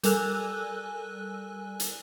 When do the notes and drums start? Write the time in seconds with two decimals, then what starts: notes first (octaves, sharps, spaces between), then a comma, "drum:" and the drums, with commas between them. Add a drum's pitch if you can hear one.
0.03 G3 A4 A#4 G#5 E6 F#6, drum: hi-hat
1.80 drum: hi-hat